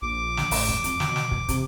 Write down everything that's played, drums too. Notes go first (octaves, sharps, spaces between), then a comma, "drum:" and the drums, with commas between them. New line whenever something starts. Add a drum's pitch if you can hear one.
A#1 D6
drum: snare
A1, drum: open hi-hat
drum: kick
F2, drum: hi-hat
B2, drum: snare
drum: snare
drum: kick
C3, drum: kick, hi-hat